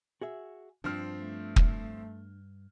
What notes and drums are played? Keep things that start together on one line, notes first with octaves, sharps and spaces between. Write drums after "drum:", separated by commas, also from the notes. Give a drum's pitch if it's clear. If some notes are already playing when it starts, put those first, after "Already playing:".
F#4 G#4 E5
D2 G2 F3 C4 D4 F6
A3
drum: kick